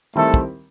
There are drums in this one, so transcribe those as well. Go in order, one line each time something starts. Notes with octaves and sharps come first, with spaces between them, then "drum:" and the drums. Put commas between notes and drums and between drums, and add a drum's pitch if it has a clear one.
D#3 G3 A3 C4 E4 A4
drum: kick